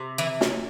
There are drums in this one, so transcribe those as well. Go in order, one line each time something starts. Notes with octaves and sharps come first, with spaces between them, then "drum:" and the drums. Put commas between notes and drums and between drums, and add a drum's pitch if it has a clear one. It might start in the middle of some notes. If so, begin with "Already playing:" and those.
Already playing: C3
E3 E4
drum: snare